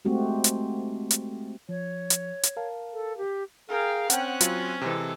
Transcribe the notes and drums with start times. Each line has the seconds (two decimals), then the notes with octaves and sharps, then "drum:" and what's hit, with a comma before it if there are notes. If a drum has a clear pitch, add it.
0.05 G#3 A3 C4 F#4 G4
0.44 drum: hi-hat
1.11 drum: hi-hat
1.69 F3 C#5
2.10 drum: hi-hat
2.43 drum: hi-hat
2.57 A#4 F5 A5
2.93 A4
3.17 G4
3.69 G#4 A#4 F5 G5
4.10 C4 C#4 F#5 G5 F#6, drum: hi-hat
4.41 F#3 F4, drum: hi-hat
4.82 C3 E3 G#3 A4